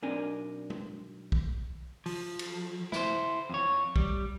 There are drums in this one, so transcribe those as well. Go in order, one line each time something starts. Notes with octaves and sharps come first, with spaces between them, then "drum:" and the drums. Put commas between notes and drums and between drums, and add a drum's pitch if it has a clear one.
B1 C4 D4 A#4 G#5
drum: tom
drum: kick B1
F3, drum: open hi-hat
drum: cymbal
E4 C5, drum: snare
F2 C#5
G3, drum: kick B1